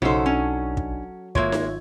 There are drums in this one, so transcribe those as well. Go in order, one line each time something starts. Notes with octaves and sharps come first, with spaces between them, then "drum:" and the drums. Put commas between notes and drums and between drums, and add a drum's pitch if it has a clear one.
B1 C#3 F#3 D#4 A4 C5
C#4 D4 G#5
drum: kick
G#1 G#3 A#3 F4 C#5 E5 G#6, drum: kick
drum: snare D#4